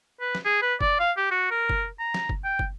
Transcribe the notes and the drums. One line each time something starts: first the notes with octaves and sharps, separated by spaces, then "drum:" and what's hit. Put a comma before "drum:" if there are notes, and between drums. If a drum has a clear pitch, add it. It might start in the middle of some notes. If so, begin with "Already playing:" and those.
B4
drum: snare
G#4
B4
D5, drum: kick
F5
G4
F#4
A#4
drum: kick
A#5
drum: snare
drum: kick
G5
drum: kick